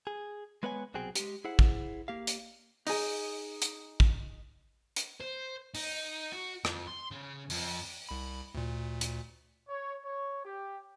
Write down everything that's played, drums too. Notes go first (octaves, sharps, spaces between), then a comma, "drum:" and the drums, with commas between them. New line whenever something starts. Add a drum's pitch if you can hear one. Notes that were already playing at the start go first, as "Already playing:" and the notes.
G#4
G#3 B3 B4 C#5 D5 G#5
C2 B2 F#3 C4 G#4 G5
G#3 G4, drum: hi-hat
E4 G#4 C5 F#5
drum: kick
A#3 G4 F5
drum: hi-hat
D#4 G#4, drum: open hi-hat
drum: hi-hat
drum: kick
drum: hi-hat
C5
D#4, drum: open hi-hat
F#4
F2, drum: rim click
C6
C#3
F2, drum: open hi-hat
C2 B5
D2 A#2
drum: hi-hat
C#5
C#5
G4